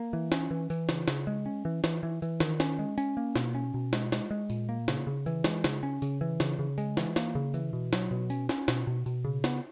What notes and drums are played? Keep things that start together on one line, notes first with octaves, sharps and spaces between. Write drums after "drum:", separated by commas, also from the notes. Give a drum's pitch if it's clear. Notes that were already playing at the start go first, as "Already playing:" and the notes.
Already playing: A#3
E3
C#4, drum: snare
E3
E3, drum: tambourine
C#3, drum: snare
C#3, drum: snare
G#3
C#4
E3
E3, drum: snare
E3
E3, drum: tambourine
D#3, drum: snare
C#4, drum: snare
G#3
C#4, drum: tambourine
A#3
B2, drum: snare
C#4
B2
G#3, drum: snare
G#3, drum: snare
G#3
A#2, drum: tambourine
A#3
C#3, drum: snare
C#3
E3, drum: tambourine
G#3, drum: snare
C#3, drum: snare
C#4
C#3, drum: tambourine
E3
C#3, drum: snare
C#3
G#3, drum: tambourine
E3, drum: snare
A#3, drum: snare
C#3
E3, drum: tambourine
B2
F#3, drum: snare
B2
C#4, drum: tambourine
C#4, drum: snare
B2, drum: snare
B2
B2, drum: tambourine
C#3
B3, drum: snare